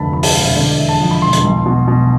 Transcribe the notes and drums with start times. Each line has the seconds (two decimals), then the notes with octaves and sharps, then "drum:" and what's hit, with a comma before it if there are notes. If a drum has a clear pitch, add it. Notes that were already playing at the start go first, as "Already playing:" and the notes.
Already playing: F1 D2 D3 A5 B5
0.12 F3 B5
0.23 A5, drum: open hi-hat
0.34 E1 F5
0.45 E5
0.56 D3 D5
0.68 D5
0.78 E2 E5
0.89 A5
1.01 F3 A5
1.11 B5
1.22 E1 C6
1.33 C6, drum: hi-hat
1.44 B1
1.66 B2
1.88 B2